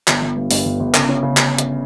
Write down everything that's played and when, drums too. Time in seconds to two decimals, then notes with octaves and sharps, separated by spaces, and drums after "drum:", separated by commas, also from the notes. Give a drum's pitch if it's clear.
0.08 G1, drum: clap
0.22 G1
0.37 G2
0.51 G2, drum: open hi-hat
0.65 G1
0.80 G1
0.94 C#3, drum: clap
1.09 C#4
1.23 C#3
1.37 drum: clap
1.58 drum: hi-hat